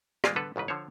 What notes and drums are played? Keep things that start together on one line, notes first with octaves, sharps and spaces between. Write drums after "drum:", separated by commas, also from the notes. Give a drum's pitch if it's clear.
G#3 A#3 F4 G4 G#4 A#4, drum: rim click
D3 B3 A4 B4
A1 G#2 C#3 B4
D3 F3 C5 C#5